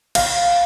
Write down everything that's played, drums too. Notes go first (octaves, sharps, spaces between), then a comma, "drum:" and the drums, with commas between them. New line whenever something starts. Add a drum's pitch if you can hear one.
F5, drum: cymbal